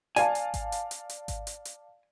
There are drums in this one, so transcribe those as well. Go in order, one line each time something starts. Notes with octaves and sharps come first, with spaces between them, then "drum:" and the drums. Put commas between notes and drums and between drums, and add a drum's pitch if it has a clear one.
D5 F5 G#5 A5, drum: hi-hat
drum: hi-hat
drum: kick G#1, hi-hat
drum: hi-hat
drum: hi-hat
drum: hi-hat
drum: kick G#1, hi-hat
drum: hi-hat
drum: hi-hat